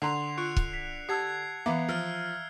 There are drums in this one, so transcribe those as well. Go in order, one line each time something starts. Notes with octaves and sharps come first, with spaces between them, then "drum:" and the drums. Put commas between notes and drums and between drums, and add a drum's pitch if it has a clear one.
D3 F#5 A5 A#5 C6 C7 F7
F4 F#6 C#7 D7
drum: kick
B6 C7 F7
G4 F#5 A5 E6 G#6 C7
E3 B3 E5 F5 A#5 D6
F3 E6 F6